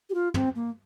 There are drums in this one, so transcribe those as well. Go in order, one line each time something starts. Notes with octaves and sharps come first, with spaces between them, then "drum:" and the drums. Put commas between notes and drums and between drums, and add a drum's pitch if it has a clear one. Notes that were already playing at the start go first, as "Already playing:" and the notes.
G4
F4
C4, drum: tom
A#3